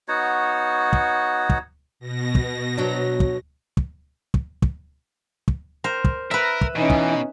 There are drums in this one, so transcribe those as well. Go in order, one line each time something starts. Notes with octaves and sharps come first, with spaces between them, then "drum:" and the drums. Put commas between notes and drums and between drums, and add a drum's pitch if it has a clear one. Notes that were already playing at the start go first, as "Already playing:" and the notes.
B3 D#4 F#4 C#5
drum: kick
drum: kick
B2 A#6
drum: kick
F#3 D4
drum: kick
drum: kick
drum: kick
drum: kick
drum: kick
A#4 C5
drum: kick
A#4 B4 E5
drum: kick
B2 E3 C#4 D#4
drum: kick